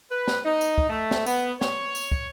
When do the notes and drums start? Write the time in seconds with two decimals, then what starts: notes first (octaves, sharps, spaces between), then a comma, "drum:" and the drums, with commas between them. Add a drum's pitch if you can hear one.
0.10 B4
0.27 drum: snare
0.45 D#4
0.61 drum: tambourine
0.78 drum: kick
0.90 A3
1.11 drum: snare
1.26 B3, drum: tambourine
1.61 C#5, drum: snare
1.95 drum: tambourine
2.12 drum: kick